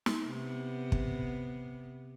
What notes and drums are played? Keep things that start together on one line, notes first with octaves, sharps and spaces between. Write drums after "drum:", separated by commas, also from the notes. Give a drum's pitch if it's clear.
drum: snare
C3 B3
drum: kick